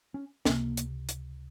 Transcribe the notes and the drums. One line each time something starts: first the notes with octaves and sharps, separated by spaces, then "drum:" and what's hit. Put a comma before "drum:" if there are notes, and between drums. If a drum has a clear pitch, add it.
C#4
C#2 C3 A#3, drum: snare
drum: hi-hat
drum: hi-hat